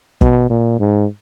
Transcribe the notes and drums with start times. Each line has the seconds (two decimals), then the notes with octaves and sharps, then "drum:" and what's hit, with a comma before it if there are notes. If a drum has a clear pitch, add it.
0.21 B2, drum: kick
0.50 A#2
0.79 G#2